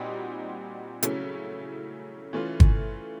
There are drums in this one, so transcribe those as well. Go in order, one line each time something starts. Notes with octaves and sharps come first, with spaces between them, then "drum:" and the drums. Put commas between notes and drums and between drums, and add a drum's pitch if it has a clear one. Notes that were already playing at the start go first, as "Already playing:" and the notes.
Already playing: A#2 G3 C4 D#4 F#4
C#3 F#3 A3 C#4 E4, drum: hi-hat
E3 A3 C#4 F4
drum: kick